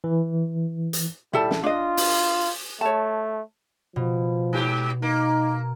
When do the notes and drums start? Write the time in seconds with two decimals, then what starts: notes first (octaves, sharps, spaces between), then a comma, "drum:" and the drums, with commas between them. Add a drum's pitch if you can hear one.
0.04 E3
0.93 drum: hi-hat
1.33 G3 E4 A4 A5, drum: tom
1.51 drum: snare
1.64 D4 F4 D#5
1.97 drum: open hi-hat
2.81 A3 C#5 A5
3.96 B2 F3
4.53 G#2 G4
5.02 A#3 D#4